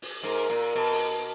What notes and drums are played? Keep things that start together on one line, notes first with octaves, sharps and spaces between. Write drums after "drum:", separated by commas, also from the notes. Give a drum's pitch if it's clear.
drum: open hi-hat
G#2 A#4
A#2
B2
drum: open hi-hat